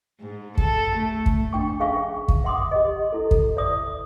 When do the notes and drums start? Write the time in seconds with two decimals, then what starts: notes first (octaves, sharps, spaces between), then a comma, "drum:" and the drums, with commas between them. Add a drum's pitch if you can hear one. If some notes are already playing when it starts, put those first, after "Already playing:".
0.21 G#2
0.58 A4, drum: kick
0.96 A3
1.26 drum: kick
1.53 D4 G5 C#6
1.80 C#4 G#4 E5 F5 G#5 C#6
2.28 drum: kick
2.44 E5 F#5 C6 D6 D#6
2.71 G4 D#5
3.13 E4 A4
3.31 drum: kick
3.57 D5 E5 D#6